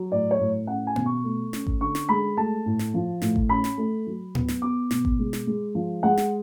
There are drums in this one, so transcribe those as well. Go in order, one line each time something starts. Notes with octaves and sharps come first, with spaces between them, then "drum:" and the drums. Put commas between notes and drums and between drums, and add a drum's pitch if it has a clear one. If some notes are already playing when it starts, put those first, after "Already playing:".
Already playing: F#3
A2 D5
C#5
A2
C#4 F#5
G#5
B2, drum: tom A#3
C#6
A3
C#4, drum: snare
drum: kick G#1
D3 C#6
drum: snare
G#3 B5
A3 A5
A2
drum: snare
F3
A2, drum: snare
drum: kick G#1
C#4 B5
drum: snare
A3
F#3
B3, drum: tom A2
drum: snare
B3 D6
B2, drum: snare
drum: kick G#1
G#3
drum: snare
G#3
F3
G#3 F#5
drum: snare